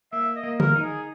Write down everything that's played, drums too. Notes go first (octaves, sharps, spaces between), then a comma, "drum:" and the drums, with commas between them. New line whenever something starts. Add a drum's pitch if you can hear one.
A#3 E5
D#5
A#3
A#4, drum: tom
D#4
G#4